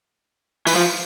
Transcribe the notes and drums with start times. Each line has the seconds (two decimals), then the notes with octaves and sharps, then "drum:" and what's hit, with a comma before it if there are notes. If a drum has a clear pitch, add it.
0.67 E3, drum: open hi-hat
0.75 F3